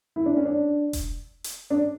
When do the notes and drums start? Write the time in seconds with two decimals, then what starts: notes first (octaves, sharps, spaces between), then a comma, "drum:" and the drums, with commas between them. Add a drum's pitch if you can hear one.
0.16 E4
0.26 D4
0.36 C#4
0.45 D4
0.93 drum: kick E1, hi-hat
1.44 drum: hi-hat
1.70 D4